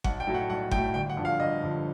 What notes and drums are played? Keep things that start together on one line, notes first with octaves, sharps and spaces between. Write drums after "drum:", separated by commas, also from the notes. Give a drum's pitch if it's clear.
B1 F#5, drum: kick G1
G5
A2 F#3 A3
F#5
B1 F#5
A2 F#3 A3 G5, drum: kick G1
G1 G5
F#5
G2 D3 F3
F5
G1 D#5
G2 D3 F3